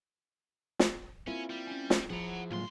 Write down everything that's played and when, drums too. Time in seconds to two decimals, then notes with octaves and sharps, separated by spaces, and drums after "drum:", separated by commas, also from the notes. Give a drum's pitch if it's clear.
0.79 drum: snare
1.27 A#3 C4 C#4 E4 F4
1.50 G3
1.67 C#4 G#5
1.90 drum: snare
2.10 F3 E4 G#4 F#5 A#5
2.51 C#2 A2 D3 F#3 G#3 A#3 F4 C6